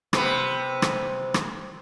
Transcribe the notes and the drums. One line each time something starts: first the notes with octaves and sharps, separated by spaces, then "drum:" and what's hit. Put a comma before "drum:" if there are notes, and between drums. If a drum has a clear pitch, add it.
C3 B3, drum: rim click
drum: rim click
drum: rim click